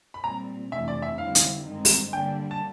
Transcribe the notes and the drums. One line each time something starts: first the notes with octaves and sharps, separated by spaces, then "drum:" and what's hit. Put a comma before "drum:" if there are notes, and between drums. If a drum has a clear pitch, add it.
B5
A#2 G3 C4 A#5
F2 C3 E3 A3 D4 E5
D5
E5
D3 G3 C4 E4 F5
drum: hi-hat
G2 D#3 G#3 C4 D#4
drum: open hi-hat
D3 G3 A#3 D4 G5
A5